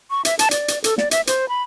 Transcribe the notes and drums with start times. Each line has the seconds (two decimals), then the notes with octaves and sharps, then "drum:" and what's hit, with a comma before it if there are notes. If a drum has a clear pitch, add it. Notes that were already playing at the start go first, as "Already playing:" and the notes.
0.10 C#6
0.25 E5, drum: hi-hat
0.39 A5, drum: hi-hat
0.51 D5, drum: hi-hat
0.68 drum: hi-hat
0.84 A4, drum: hi-hat
0.98 D5, drum: snare
1.11 E5, drum: hi-hat
1.27 C5, drum: hi-hat
1.49 B5